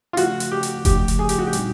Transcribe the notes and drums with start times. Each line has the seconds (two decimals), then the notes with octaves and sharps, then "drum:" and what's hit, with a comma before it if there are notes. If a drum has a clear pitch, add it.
0.13 F4
0.17 C#3 F3 A3 D4 F#4, drum: hi-hat
0.40 drum: hi-hat
0.51 G4
0.63 drum: hi-hat
0.85 C#3 F3 A3 D4 G4, drum: kick F1, hi-hat
1.08 drum: hi-hat
1.19 G#4
1.29 G4, drum: hi-hat
1.38 F#4
1.47 G4
1.53 A#2 G3 C4 D#4, drum: hi-hat